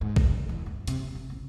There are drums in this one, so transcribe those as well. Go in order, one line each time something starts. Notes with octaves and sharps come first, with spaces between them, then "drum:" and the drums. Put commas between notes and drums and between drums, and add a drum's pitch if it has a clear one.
G#2
F1, drum: kick A#1
F#3
E2
G2
C3, drum: hi-hat
D#1
C3
A1